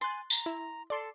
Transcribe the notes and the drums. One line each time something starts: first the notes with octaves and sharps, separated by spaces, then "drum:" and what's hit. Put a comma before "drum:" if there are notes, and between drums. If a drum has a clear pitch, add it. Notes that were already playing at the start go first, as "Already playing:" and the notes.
G#5 C6 F#6 A6
A#5, drum: tambourine
E4
A4 D5 C6 C7